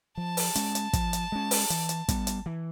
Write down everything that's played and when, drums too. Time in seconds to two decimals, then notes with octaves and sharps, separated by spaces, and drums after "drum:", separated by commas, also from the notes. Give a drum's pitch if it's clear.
0.17 F3 A5
0.37 drum: open hi-hat
0.55 G#3 C#4, drum: hi-hat
0.75 drum: hi-hat
0.93 F3, drum: kick, hi-hat
1.13 drum: hi-hat
1.32 G#3 C#4
1.51 drum: open hi-hat
1.70 E3, drum: hi-hat
1.89 drum: hi-hat
2.08 G3 B3, drum: kick, hi-hat
2.27 drum: hi-hat
2.46 E3